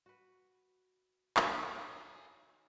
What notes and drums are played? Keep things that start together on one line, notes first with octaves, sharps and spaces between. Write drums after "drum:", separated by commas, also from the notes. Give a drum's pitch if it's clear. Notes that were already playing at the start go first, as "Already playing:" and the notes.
F#4 B4
C2 A#2 D#3 F#3, drum: clap
A4 G#5